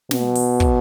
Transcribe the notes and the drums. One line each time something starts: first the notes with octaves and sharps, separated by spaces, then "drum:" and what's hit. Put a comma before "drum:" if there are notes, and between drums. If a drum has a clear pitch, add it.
B2, drum: snare
drum: open hi-hat
drum: kick